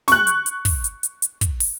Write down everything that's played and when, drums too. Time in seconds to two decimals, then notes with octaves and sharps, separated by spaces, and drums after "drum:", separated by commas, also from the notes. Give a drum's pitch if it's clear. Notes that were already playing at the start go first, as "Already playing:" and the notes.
0.08 C#6 F#6, drum: snare
0.27 drum: hi-hat
0.46 drum: hi-hat
0.65 drum: kick, open hi-hat
0.84 drum: hi-hat
1.03 drum: hi-hat
1.22 drum: hi-hat
1.41 drum: kick, hi-hat
1.60 drum: open hi-hat